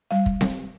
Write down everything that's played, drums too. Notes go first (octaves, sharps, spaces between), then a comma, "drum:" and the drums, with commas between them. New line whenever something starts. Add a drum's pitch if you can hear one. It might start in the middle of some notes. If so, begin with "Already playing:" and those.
G3 F5
drum: kick
drum: snare C4